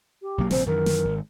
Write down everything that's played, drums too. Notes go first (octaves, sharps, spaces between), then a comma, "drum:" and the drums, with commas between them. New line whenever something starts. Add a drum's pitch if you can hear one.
G4
B1 F#3 A#3
A#1 C3 C4 C5, drum: snare
F#2 D#3 E3 A#4
drum: snare
G#1